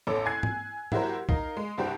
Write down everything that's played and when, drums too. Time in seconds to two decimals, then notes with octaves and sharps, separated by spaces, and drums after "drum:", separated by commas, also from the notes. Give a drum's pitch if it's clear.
0.07 A1 E2 C#4 A4 D6 E6
0.26 G#5 F#6 G#6 C7
0.43 drum: tom G#2
0.92 F#3 E4 F#4 G4 A#4 C5, drum: tom G#2
1.29 D#4 A#4 F5, drum: kick
1.57 G#3
1.78 C2 G2 F#4 G4 C5 G5